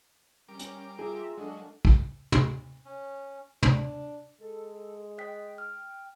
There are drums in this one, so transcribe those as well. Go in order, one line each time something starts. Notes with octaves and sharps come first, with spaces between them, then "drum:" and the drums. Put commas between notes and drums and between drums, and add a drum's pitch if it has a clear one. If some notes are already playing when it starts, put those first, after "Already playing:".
G3 C#4 A#4 D6
drum: hi-hat
A#3 F4 G#4 E5 A#5
F#3 G#3 A#3 D4 A4 D#5
drum: kick
drum: tom
C#4
D4, drum: tom
G#3 A4
D#5 G5 F#6 B6
F6